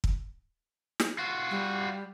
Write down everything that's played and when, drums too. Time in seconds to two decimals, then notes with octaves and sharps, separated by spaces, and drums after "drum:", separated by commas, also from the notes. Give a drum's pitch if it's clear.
0.04 drum: kick
1.00 drum: snare
1.19 F4 F#4
1.51 G3